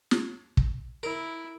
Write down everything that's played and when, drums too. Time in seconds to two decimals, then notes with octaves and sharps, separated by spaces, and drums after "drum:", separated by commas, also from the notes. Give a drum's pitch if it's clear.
0.11 drum: snare
0.57 drum: kick
1.03 E4 A#4